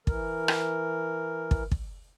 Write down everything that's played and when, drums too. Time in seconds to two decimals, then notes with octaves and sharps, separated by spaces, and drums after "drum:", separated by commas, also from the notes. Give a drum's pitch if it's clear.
0.07 E3 A#4, drum: kick
0.48 drum: rim click
1.51 drum: kick
1.71 drum: kick